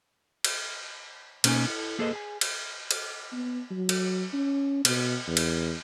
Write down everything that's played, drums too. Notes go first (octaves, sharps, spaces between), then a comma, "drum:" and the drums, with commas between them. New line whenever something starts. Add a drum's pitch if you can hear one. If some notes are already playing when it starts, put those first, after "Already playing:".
drum: cymbal
B2 A#3 C#4 D#4 C5 G#5, drum: cymbal
E4 A4
A#3 G#4 A4 B4 C5 D#5
G#4 G#5
drum: cymbal
drum: cymbal
B3
F#3
drum: cymbal
C#4
B2, drum: cymbal
E2
drum: cymbal